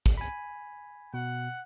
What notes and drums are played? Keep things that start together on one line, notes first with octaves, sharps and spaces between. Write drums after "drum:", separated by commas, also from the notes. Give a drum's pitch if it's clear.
drum: kick
G#5 B5
B2 F#5